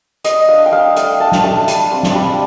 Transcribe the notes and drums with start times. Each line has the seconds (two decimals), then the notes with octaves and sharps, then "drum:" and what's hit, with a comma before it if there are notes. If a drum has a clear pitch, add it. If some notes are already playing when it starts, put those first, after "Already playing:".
0.24 G3 D#5, drum: hi-hat
0.48 D4 F5
0.66 G5
0.72 G3 F5
0.96 A3 G5, drum: hi-hat
1.20 D4 A5
1.32 drum: snare
1.44 A3 A5
1.68 G3, drum: hi-hat
1.91 C4
2.03 drum: snare
2.15 G3